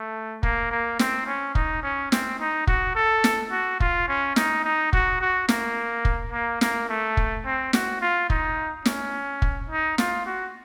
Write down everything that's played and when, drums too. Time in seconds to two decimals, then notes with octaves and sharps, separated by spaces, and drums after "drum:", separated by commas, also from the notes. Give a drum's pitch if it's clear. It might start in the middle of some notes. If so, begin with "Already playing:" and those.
Already playing: A3
0.43 A#3, drum: kick
0.71 A#3
0.99 C4, drum: snare
1.27 C#4
1.55 D#4, drum: kick
1.83 C#4
2.12 C4, drum: snare
2.40 D#4
2.67 F#4, drum: kick
2.95 A4
3.24 drum: snare
3.51 F#4
3.80 F4, drum: kick
4.08 C#4
4.36 D#4, drum: snare
4.64 D#4
4.93 F#4, drum: kick
5.21 F#4
5.49 A#3, drum: snare
6.05 drum: kick
6.32 A#3
6.61 A#3, drum: snare
6.89 A3
7.17 drum: kick
7.45 C4
7.73 F#4, drum: snare
8.02 F4
8.30 D#4, drum: kick
8.85 C#4, drum: snare
9.42 drum: kick
9.70 D#4
9.98 F4, drum: snare
10.26 F#4